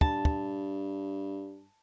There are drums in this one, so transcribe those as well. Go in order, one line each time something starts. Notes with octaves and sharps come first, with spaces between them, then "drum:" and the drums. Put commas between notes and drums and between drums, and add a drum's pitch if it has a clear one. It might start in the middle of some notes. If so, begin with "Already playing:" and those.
G2 A5, drum: kick
drum: kick